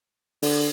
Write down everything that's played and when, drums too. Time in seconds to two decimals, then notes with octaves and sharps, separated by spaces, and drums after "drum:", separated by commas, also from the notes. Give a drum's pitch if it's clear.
0.42 D3, drum: open hi-hat